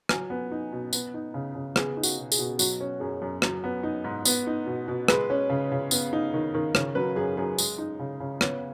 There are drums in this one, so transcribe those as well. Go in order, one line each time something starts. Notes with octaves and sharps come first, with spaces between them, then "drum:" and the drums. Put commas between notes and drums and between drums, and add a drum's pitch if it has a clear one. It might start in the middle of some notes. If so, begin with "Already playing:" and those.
F#3 G#5, drum: rim click
B3
D#4
B2
B3, drum: tambourine
D#4
C#3
C#3
B3 G#4, drum: rim click
D#4
F#4, drum: tambourine
B2
G#4, drum: tambourine
B2
F#3 F#4, drum: tambourine
C#4
F#2 G#4
F#2
F#3, drum: rim click
B3
D#4
G#2
B3, drum: tambourine
D#4
B2
B2
G#3 B4, drum: rim click
C#4
C#3
C#3
B3, drum: tambourine
D#4
D#3
D#3
C#3 C#5, drum: rim click
F#3 B4
F#2 G#4
F#2 G#4
G#3, drum: tambourine
D#4
C#3
C#3
B3 C#5, drum: rim click